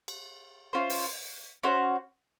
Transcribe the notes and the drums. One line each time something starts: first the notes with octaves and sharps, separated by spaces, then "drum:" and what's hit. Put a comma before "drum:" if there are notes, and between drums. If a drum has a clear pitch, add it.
drum: cymbal
C#4 F4 C5
drum: open hi-hat
C#4 F#4 C5